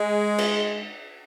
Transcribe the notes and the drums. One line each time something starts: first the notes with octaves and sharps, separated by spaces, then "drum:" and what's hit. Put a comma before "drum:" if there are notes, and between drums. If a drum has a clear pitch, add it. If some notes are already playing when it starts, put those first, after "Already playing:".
Already playing: G#3
drum: cymbal